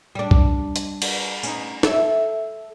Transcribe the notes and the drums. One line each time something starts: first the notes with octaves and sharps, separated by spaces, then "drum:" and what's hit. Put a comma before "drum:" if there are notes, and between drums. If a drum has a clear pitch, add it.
G3 D4
drum: kick
drum: hi-hat
drum: cymbal
C#4 D#4, drum: tambourine
A4 C#5 E5, drum: snare